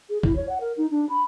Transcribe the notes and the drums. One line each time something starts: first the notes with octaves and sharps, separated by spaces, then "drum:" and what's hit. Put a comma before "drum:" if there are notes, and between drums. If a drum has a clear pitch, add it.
G#4
E4, drum: kick F#1
C#5
F#5
A#4
D#4
D4
B5